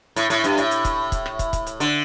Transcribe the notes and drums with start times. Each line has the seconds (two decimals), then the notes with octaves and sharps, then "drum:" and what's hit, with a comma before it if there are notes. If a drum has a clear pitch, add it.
0.16 A2, drum: hi-hat
0.30 A2, drum: hi-hat
0.44 G2, drum: hi-hat
0.58 A2, drum: hi-hat
0.71 drum: hi-hat
0.85 drum: kick, hi-hat
1.12 drum: kick, hi-hat
1.26 drum: rim click
1.39 drum: kick, hi-hat
1.53 drum: kick, hi-hat
1.67 drum: hi-hat
1.80 D3, drum: hi-hat